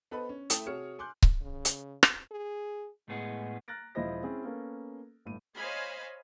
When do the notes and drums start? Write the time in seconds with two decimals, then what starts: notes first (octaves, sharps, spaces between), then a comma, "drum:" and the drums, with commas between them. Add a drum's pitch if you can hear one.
0.11 B3 A4 B4 C5 D#5 B5
0.29 C#4
0.50 A3 E4 A4 G5 D#6 E7, drum: hi-hat
0.66 C3 F#4 G#4 C#5 F6 C#7
0.99 G#5 C6 D6 F#6 G6
1.23 drum: kick C#1
1.42 C#3
1.65 drum: hi-hat
2.03 drum: rim click
2.31 G#4
3.09 A2 G#3 B3 G#4
3.68 A#5 F6 F#6 A6 A#6 D7
3.95 E1 F3 E4 C5 D#5 A#6
4.23 C4 C#4 E4 G#4
4.45 A#3 B3 C#4 A4
5.25 G1 A2 D#7
5.56 C5 C#5 D#5 F5 G#5 B5